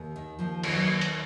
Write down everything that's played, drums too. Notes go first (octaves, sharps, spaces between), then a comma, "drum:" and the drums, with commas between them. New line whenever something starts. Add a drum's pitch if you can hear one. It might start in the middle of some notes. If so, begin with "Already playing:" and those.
Already playing: D#2
D#3
D#2 F3
D#3, drum: cymbal
F#3
D#2
drum: hi-hat